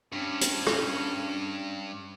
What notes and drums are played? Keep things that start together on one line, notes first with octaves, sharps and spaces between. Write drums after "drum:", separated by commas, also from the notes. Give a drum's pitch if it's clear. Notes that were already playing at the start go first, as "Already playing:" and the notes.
G2 C#4
drum: hi-hat
drum: rim click